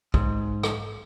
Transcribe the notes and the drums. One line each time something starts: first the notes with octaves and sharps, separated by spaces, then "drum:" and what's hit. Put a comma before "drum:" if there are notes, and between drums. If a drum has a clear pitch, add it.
G#2, drum: kick
drum: rim click